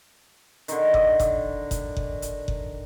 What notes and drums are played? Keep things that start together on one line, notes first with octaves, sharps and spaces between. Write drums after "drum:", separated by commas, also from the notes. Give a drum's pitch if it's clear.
D3 D#3, drum: hi-hat
drum: kick F#1
drum: kick F#1, hi-hat
drum: kick F#1, hi-hat
drum: kick F#1
drum: hi-hat
drum: kick F#1